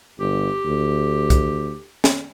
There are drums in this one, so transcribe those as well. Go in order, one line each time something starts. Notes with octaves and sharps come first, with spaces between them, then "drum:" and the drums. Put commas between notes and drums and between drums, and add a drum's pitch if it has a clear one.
G1 G4
D2
drum: kick, hi-hat
drum: snare